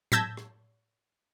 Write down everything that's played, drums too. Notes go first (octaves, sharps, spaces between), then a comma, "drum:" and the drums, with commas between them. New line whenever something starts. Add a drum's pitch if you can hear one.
A5 E6 G6 G#6 A#6 B6, drum: tom A2
drum: rim click